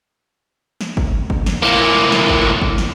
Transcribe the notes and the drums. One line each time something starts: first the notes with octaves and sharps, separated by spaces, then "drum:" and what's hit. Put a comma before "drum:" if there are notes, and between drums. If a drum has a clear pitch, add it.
drum: snare
drum: kick
drum: kick
drum: snare
A2 A#3
drum: snare
drum: kick
drum: kick
drum: snare